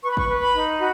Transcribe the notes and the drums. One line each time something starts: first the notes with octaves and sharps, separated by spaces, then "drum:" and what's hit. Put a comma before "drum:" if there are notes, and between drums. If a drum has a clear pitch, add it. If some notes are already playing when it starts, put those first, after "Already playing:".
B4 C#6
B5
C#6, drum: kick
B4
B5
D#4
F#4 B5